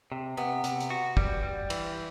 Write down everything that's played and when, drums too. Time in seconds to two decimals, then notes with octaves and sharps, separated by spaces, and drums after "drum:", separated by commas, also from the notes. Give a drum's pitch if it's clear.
0.12 C3
0.37 C3 B3
0.64 C3, drum: hi-hat
0.81 drum: hi-hat
0.90 F#4
1.17 G3, drum: kick
1.43 G3
1.70 E3, drum: cymbal